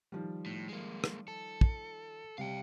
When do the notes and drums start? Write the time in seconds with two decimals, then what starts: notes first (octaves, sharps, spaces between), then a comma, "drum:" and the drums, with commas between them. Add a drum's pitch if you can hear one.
0.12 D#3 F3 G3
0.46 A2
0.69 G#3 A#3
1.04 drum: rim click
1.28 A4
1.61 drum: kick
2.38 C3 G3 F5 G5